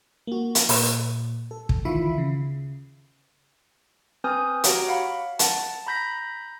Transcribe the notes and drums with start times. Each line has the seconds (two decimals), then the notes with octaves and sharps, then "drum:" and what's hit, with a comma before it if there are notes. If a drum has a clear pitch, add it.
0.27 A#3 F#4
0.55 drum: hi-hat
0.69 A#2, drum: open hi-hat
1.51 A4
1.69 drum: kick
1.85 D2 D#3 E3 F4 E5 B5
2.18 C#3
4.24 C4 B4 G#5 D#6 F6 G6
4.64 F#4 G4 C#5 F#5 A#5 D7, drum: hi-hat
4.88 F5 F#5 B5
5.39 F#5 A5, drum: hi-hat
5.87 A#5 B5 G6 A#6 B6